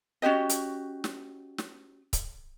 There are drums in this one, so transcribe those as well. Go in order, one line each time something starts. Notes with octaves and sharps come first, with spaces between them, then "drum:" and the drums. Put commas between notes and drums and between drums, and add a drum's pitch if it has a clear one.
C#4 F#4 G4 D#5
drum: hi-hat
drum: snare
drum: snare
drum: kick C#1, hi-hat